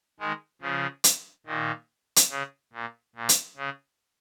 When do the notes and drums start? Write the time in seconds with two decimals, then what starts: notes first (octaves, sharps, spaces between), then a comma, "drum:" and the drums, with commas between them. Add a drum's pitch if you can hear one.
0.20 D#3 G#3
0.61 C#3 F3
1.04 drum: hi-hat
1.46 A#2 D#3
2.16 drum: hi-hat
2.30 C#3
2.73 A#2
3.15 A#2
3.29 drum: hi-hat
3.57 C#3